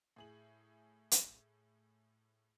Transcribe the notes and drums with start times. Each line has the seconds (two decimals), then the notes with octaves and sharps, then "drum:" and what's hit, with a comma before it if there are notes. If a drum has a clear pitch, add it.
0.16 A2 G#4 F#7
1.11 drum: hi-hat